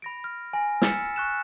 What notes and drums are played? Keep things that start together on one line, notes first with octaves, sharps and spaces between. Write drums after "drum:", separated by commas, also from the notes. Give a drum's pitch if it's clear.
B5 A#6 D7
F6
G#5 A#6
E6 F6 A6 B6 C#7 E7, drum: snare
C#6 F#6 E7